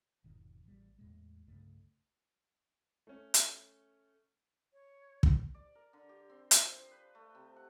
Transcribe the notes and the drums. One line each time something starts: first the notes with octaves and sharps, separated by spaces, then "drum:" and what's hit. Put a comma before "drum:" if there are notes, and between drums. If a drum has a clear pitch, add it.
E1 G#2 D#3
A1 G3
E2 A2 G#3
C2 G2 C#3 A3
A3 C#4
drum: hi-hat
C#5
drum: kick
D5
A#4
D3
G4
C4
F3, drum: hi-hat
C5
B4
A3
C3
F#5